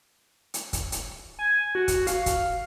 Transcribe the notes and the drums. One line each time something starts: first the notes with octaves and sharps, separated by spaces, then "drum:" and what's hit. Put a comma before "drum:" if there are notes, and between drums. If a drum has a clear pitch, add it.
drum: hi-hat
drum: kick, hi-hat
drum: hi-hat
G#5
F#4
drum: kick, hi-hat
F5, drum: hi-hat
drum: kick, hi-hat